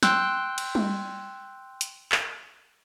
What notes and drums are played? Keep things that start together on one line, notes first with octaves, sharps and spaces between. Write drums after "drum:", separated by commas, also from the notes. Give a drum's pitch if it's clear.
G5 C6 E6 F#6 G6, drum: snare
drum: cymbal
drum: tom G3
drum: hi-hat
drum: clap